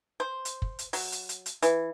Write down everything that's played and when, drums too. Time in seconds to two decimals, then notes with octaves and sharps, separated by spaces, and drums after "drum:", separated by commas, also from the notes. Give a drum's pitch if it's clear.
0.20 C5
0.45 drum: hi-hat
0.62 drum: kick
0.79 drum: hi-hat
0.93 F#3, drum: open hi-hat
1.12 drum: hi-hat
1.29 drum: hi-hat
1.46 drum: hi-hat
1.62 E3, drum: hi-hat